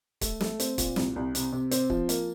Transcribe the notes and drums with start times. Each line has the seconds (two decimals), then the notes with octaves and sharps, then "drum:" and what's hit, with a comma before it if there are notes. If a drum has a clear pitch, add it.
0.21 A3, drum: kick, hi-hat
0.40 A3, drum: snare
0.60 C4, drum: hi-hat
0.78 A#2, drum: kick, hi-hat
0.96 C2, drum: snare
1.16 C2
1.35 C3, drum: hi-hat
1.53 C3
1.71 C4, drum: hi-hat
1.90 F3, drum: kick
2.09 A#3, drum: hi-hat